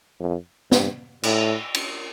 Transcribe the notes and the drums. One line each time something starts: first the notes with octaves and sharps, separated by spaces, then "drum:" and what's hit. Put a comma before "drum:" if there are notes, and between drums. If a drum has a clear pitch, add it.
F2
G2, drum: snare
A2, drum: cymbal
drum: cymbal